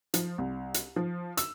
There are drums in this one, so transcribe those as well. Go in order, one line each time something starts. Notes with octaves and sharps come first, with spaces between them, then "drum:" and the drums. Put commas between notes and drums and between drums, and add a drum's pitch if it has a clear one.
F3, drum: hi-hat
C2
drum: hi-hat
F3
E6, drum: hi-hat